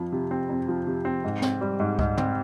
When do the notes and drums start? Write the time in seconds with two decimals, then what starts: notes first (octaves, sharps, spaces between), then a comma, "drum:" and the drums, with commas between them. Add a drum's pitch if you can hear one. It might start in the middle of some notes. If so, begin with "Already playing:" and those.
Already playing: F2 F3
0.12 C3
0.31 C4
0.49 F2
0.68 F3
0.87 C3
1.05 C4
1.24 G#2
1.42 C4, drum: snare
1.61 G3
1.80 G#2
1.99 G#2, drum: kick C#2
2.17 C4, drum: tom